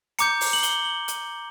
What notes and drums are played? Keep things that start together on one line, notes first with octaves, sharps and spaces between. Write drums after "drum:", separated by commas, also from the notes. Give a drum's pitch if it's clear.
A#5 D6 G6 C#7, drum: hi-hat
drum: open hi-hat
F#7
G7, drum: hi-hat
F#7
drum: hi-hat